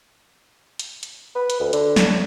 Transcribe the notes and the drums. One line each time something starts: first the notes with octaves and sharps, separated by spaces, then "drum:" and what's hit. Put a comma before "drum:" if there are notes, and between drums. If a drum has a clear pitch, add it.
drum: hi-hat
drum: hi-hat
B4
drum: hi-hat
D2
D3, drum: hi-hat
drum: snare